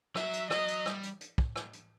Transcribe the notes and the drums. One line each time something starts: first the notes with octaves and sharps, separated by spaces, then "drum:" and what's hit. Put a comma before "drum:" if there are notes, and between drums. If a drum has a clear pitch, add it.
F#3 E5, drum: rim click
drum: hi-hat
F#3 D#5, drum: rim click
drum: hi-hat
G3, drum: rim click
drum: hi-hat
drum: hi-hat
drum: kick
drum: rim click
drum: hi-hat